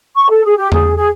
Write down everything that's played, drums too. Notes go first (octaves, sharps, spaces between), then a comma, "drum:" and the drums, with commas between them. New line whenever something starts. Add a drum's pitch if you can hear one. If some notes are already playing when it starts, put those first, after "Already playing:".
C#6
A4
G#4
G4
G#4, drum: tom E2
G#4